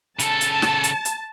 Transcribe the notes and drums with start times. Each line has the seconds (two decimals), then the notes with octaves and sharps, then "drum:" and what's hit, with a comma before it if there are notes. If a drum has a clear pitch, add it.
0.19 C#3 A4 A5, drum: hi-hat
0.41 drum: hi-hat
0.62 drum: snare
0.84 drum: hi-hat
1.05 drum: hi-hat